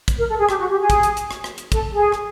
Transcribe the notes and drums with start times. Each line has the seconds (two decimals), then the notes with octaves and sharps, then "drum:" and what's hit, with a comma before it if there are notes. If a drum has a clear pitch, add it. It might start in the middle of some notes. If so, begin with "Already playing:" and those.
0.08 drum: kick, hi-hat
0.18 A#4
0.28 A4
0.38 G#4
0.49 G4, drum: rim click
0.59 F#4
0.69 G4
0.80 G#4
0.90 drum: kick, hi-hat
1.03 drum: hi-hat
1.17 drum: hi-hat
1.31 drum: rim click
1.44 drum: rim click
1.58 drum: hi-hat
1.72 A4, drum: kick, hi-hat
1.92 G#4
2.12 drum: rim click